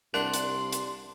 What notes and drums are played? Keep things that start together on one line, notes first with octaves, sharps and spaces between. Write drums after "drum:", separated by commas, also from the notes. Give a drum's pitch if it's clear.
C2 D4 A#4 F#5 C6
drum: hi-hat
drum: hi-hat